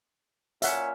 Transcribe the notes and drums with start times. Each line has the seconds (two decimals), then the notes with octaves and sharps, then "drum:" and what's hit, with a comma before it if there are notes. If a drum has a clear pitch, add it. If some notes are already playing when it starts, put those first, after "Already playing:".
0.62 A#2 C#4 E5 F#5, drum: hi-hat